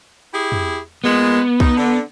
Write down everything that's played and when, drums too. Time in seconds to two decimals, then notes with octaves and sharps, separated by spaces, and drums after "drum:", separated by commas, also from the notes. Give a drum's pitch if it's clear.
0.33 E4 G4 G#4
0.52 drum: tom
1.04 A#2 G#3 B3
1.60 D#4, drum: kick C2
1.77 D3